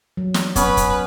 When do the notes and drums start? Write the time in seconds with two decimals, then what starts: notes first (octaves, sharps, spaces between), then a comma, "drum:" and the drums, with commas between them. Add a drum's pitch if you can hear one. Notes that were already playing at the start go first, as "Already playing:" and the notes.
0.17 F#3
0.34 drum: snare
0.56 B3 C#4 B4, drum: kick, hi-hat
0.77 drum: kick, hi-hat